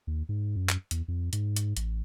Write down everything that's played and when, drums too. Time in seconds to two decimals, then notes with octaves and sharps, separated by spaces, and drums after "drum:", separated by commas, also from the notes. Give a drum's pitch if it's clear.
0.07 D#2
0.29 G#2
0.56 F#2
0.69 drum: clap
0.91 E2, drum: hi-hat
1.08 F2
1.33 G#2, drum: hi-hat
1.56 drum: hi-hat
1.77 A1, drum: hi-hat